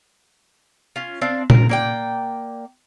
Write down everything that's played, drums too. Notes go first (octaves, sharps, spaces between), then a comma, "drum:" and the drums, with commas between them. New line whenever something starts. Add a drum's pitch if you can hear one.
C#4 F4
C4 D4 F5
A#4, drum: tom A#2
A#3 D5 G5